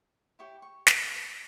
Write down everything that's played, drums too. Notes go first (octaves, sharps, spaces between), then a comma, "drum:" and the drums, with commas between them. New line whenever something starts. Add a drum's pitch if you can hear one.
E4 G4 C#5 D6
C#6
drum: snare